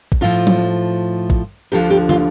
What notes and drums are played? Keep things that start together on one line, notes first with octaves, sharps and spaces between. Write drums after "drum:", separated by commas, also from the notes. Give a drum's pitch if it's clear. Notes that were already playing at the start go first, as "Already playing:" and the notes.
drum: kick
A2 F3 F4
drum: tom F#3
drum: kick
D2 D3 F3 G4
G4
F4, drum: tom